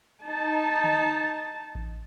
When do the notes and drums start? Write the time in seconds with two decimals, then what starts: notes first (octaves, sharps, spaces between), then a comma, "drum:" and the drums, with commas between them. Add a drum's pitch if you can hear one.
0.24 D#4 A5
0.84 drum: tom D3
1.75 drum: kick A1